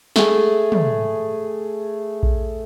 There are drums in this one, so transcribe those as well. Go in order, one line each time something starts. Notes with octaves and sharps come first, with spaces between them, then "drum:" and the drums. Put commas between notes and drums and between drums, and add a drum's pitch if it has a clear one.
A3 G#4, drum: snare
drum: tom
drum: kick A#1